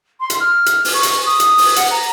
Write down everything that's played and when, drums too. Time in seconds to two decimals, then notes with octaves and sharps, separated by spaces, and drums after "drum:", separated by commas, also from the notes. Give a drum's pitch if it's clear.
0.20 C6
0.30 drum: hi-hat
0.40 F6
0.66 drum: hi-hat
0.85 drum: open hi-hat
0.94 C#6
1.03 drum: hi-hat
1.26 D#6
1.40 drum: hi-hat
1.58 drum: open hi-hat
1.76 F#5, drum: hi-hat
1.91 A#5